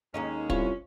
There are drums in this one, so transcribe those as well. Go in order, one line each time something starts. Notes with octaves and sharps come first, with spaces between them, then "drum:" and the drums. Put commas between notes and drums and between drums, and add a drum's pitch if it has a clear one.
D#2 G#3 A#3 C#4 D#4
C2 F4 C#5, drum: kick